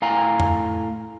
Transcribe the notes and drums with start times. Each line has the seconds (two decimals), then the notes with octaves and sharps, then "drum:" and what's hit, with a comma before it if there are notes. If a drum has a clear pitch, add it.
0.02 A2 F5 G#5 A#5
0.40 drum: tom F2